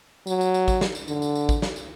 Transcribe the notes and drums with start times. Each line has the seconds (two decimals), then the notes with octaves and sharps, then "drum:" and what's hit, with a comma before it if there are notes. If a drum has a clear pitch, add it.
0.27 F#3, drum: tambourine
0.41 drum: tambourine
0.54 drum: tambourine
0.68 drum: kick A1, tambourine
0.81 drum: snare
0.95 drum: tambourine
1.08 D3, drum: tambourine
1.22 drum: tambourine
1.35 drum: tambourine
1.49 drum: kick A1, tambourine
1.62 drum: snare
1.76 drum: tambourine